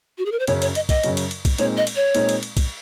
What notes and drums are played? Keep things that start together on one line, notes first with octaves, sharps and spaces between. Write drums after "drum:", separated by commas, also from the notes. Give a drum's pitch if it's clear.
F#4
G#4
A#4
C5
F#2 C#3 F#3 C#4 C#5, drum: cymbal
C#5, drum: cymbal
D#5, drum: cymbal
D#5, drum: kick B1, cymbal
F#2 C#3 F#3 C#4, drum: cymbal
drum: cymbal
drum: cymbal
drum: kick B1, cymbal
A#2 G#3 C4 D#4 C#5, drum: cymbal
D#5
drum: cymbal
C#5
A#2 G#3 C4 D#4, drum: cymbal
drum: cymbal
drum: cymbal
drum: kick B1, cymbal